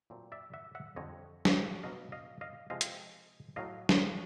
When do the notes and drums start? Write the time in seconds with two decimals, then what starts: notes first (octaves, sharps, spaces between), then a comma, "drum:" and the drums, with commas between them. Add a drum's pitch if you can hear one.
0.10 A#2 F#3 A3 C4
0.32 D5 E5
0.53 E5 F#5
0.75 E5 F#5
0.96 F2 D3 G3 C4 C#5 D#5
1.45 drum: snare
1.83 B2 F#3 B3 D#5 F5
2.12 D#5 F5
2.41 D#5 F5
2.70 C3 F3 G#3 D#5 F5
2.81 drum: hi-hat
3.56 A2 F#3 A3 D#5 F5
3.89 drum: snare